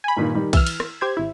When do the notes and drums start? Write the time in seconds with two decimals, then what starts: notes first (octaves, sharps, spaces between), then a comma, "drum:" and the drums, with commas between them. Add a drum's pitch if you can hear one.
0.04 G#5 B5
0.17 G2 A#2 D#3
0.35 D#3 G3
0.53 E3 E6 F6, drum: kick B1, cymbal
0.67 drum: cymbal
0.80 drum: rim click
1.01 G4 C5 G#6
1.17 G#1 E4